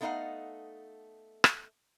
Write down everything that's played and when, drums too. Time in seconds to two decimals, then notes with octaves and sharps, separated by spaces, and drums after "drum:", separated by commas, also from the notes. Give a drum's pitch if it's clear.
0.01 A3 B3 D#4 D#5 F5 F#5
1.44 drum: rim click